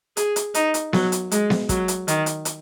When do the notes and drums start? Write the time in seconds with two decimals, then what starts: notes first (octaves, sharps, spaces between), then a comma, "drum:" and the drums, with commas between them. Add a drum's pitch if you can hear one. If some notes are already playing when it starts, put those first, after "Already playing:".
0.17 G#4, drum: hi-hat
0.36 drum: hi-hat
0.54 D#4, drum: hi-hat
0.74 drum: hi-hat
0.93 F#3, drum: snare B3
1.12 drum: hi-hat
1.32 G#3, drum: hi-hat
1.50 drum: snare B3
1.69 F#3, drum: kick, hi-hat
1.88 drum: hi-hat
2.08 D#3, drum: hi-hat
2.26 drum: hi-hat
2.45 drum: hi-hat